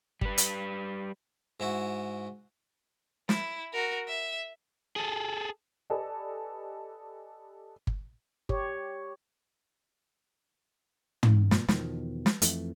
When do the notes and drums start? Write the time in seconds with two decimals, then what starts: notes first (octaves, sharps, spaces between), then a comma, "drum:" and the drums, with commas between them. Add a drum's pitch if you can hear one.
0.21 G3 B4, drum: kick G1
0.38 drum: hi-hat
1.60 G#2 E4 F#4
3.29 E4, drum: snare
3.73 F#4 A#4
4.08 E5
4.96 G#4 A4
5.90 G4 A4 B4 D5 D#5 G#5
7.87 drum: kick G1
8.49 G4 C#5, drum: kick G1
11.23 drum: tom
11.51 A#2, drum: snare
11.68 E2 B2 D#3 F3, drum: snare
12.26 drum: snare
12.42 F2 E3 A3, drum: hi-hat